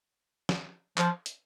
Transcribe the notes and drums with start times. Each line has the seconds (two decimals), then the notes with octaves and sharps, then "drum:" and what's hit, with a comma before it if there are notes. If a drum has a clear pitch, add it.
0.49 drum: snare
0.98 F3, drum: clap
1.26 drum: hi-hat